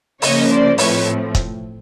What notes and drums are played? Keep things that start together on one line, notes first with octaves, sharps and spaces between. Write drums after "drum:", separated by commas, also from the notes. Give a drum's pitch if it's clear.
C#3 F3 A#3 C#5 D#5, drum: open hi-hat
C5 D5
A2 F3 A3 C4 B4 C#5, drum: open hi-hat
drum: kick, hi-hat